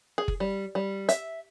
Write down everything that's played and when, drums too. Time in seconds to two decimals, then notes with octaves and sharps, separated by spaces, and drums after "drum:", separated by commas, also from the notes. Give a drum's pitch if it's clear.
0.18 G#4
0.28 drum: kick F#1
0.40 G3
0.75 G3
1.09 E5, drum: hi-hat